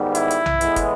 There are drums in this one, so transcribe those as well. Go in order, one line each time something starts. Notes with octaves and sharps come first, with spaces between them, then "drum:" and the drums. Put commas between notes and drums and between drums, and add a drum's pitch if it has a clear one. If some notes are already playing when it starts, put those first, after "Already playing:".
Already playing: G#2 D#3 G3 B3
E4, drum: hi-hat
drum: hi-hat
drum: tom B1
A2 E3 G#3 B3, drum: hi-hat
drum: kick, hi-hat